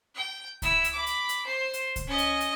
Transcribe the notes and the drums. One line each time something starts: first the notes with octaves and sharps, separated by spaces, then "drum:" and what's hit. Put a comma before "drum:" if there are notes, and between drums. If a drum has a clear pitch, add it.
G5
E4 E6, drum: kick C#2, hi-hat
drum: hi-hat
B5 D6
drum: hi-hat
drum: hi-hat
C5 C6
drum: hi-hat
drum: kick C#2, hi-hat
C#4 D#5
drum: hi-hat
drum: hi-hat